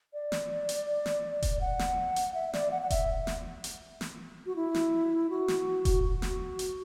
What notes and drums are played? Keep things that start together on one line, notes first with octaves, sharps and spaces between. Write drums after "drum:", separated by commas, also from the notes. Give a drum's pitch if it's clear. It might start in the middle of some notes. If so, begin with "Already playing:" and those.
D5
drum: snare
drum: hi-hat
drum: snare
drum: kick E1, hi-hat
F#5
drum: snare
drum: hi-hat
E5
D5, drum: snare
F#5
F#5
E5, drum: kick E1, hi-hat
drum: snare
drum: hi-hat
drum: snare
F#4
E4
drum: snare
F#4
drum: snare
drum: kick E1, hi-hat
F#4
drum: snare
drum: hi-hat